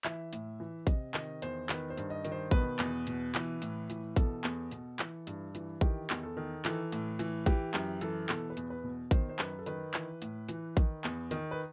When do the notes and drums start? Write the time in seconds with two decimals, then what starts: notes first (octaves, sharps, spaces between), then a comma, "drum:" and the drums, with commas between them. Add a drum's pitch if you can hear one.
0.04 E3 E5, drum: clap
0.33 A2, drum: hi-hat
0.60 E3
0.87 C3 D#5, drum: kick A1, hi-hat
1.14 D#3 D#5, drum: clap
1.42 E2 C5, drum: hi-hat
1.69 D#3 B4, drum: clap
1.90 C5
1.97 G2, drum: hi-hat
2.10 D#5
2.25 D#3, drum: hi-hat
2.32 C5
2.51 B2 B4, drum: kick A1
2.79 E2, drum: clap
3.07 B2, drum: hi-hat
3.35 E3, drum: clap
3.62 A2, drum: hi-hat
3.90 E3, drum: hi-hat
4.16 B2 A4, drum: kick A1, hi-hat
4.44 E2, drum: clap
4.71 B2, drum: hi-hat
4.99 E3, drum: clap
5.27 G2, drum: hi-hat
5.55 E3, drum: hi-hat
5.81 D#3 G4, drum: kick A1
6.10 E2, drum: clap
6.23 A4
6.37 D#3
6.65 E3 A4, drum: clap
6.92 A2, drum: hi-hat
7.19 E3, drum: hi-hat
7.46 E3 G4, drum: kick A1, hi-hat
7.74 F#2 G4, drum: clap
8.01 E3 A4, drum: hi-hat
8.29 B2 A4, drum: clap
8.50 B4
8.57 E2, drum: hi-hat
8.70 B4
8.84 B2
9.11 D#3 C5, drum: kick A1, hi-hat
9.29 C5
9.39 F#2 B4, drum: clap
9.59 A4
9.66 D#3 B4, drum: hi-hat
9.94 E3, drum: clap
10.22 A2, drum: hi-hat
10.49 E3, drum: hi-hat
10.77 D#3, drum: kick A1, hi-hat
11.04 E2, drum: clap
11.31 D#3, drum: hi-hat
11.51 B4